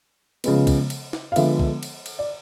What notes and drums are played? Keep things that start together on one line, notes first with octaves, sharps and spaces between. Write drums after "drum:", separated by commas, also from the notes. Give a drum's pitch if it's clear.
C#3 F3 G#3 B3, drum: cymbal
drum: kick, cymbal
drum: cymbal
drum: snare
F5
D3 F3 G#3 B3 E5, drum: cymbal
drum: kick
drum: cymbal
drum: cymbal
D5